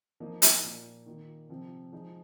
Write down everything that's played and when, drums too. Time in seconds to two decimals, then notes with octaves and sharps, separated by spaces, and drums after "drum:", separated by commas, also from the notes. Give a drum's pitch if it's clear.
0.20 F3 A#3 D#4
0.42 drum: hi-hat
0.63 A#2 A#3 F4
1.06 D#3 A#3 F4
1.49 C3 F3 C4
1.92 F3 G#3 D#4